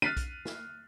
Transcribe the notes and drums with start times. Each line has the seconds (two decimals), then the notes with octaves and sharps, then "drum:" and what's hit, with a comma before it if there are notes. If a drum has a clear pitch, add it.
0.02 F6 F#6 A6 B6 C7 D#7
0.17 drum: kick B1, hi-hat
0.45 drum: snare